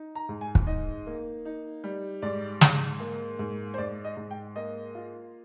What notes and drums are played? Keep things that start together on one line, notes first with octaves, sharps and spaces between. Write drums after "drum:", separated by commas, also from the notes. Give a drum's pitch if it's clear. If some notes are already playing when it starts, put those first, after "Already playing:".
Already playing: D#4
A#5
G#2
G#5
drum: kick
D#4 D#5
A#3
D#4
G3
G#2 D5
G#2, drum: snare
A#3
G#2
C5
G#2 D5
D#5
G#2
G5
A#3 D#5
F4